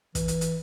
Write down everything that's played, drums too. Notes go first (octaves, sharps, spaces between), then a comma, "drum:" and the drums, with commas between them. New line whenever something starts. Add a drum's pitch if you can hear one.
E3, drum: kick, hi-hat
drum: hi-hat
drum: hi-hat